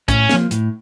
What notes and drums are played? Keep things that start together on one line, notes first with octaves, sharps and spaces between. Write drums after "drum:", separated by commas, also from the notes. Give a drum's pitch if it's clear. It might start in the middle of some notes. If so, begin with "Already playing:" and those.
A2 C#4, drum: kick, hi-hat
F3 A#3, drum: snare
A2, drum: hi-hat